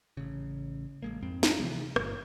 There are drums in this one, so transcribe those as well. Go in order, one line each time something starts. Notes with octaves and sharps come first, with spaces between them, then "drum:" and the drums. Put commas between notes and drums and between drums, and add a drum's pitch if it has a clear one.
A1 C#3
A1 G#3 A#3
F2 G#2 C4
drum: snare
C3 E3 F3 G#3
G1 A#2, drum: rim click